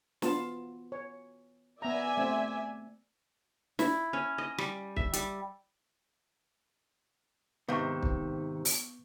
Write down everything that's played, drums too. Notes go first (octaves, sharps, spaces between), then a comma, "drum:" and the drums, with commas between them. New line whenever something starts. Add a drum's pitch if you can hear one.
B3 F4 A5, drum: snare
C#5
B3 D5 E5 G#5 A#5
A3 C4
E4, drum: snare
C#4
D#5
G3, drum: rim click
E5, drum: kick
G3, drum: hi-hat
G#2 C3 D#3 B3 F5 C#6 G6
drum: kick
drum: open hi-hat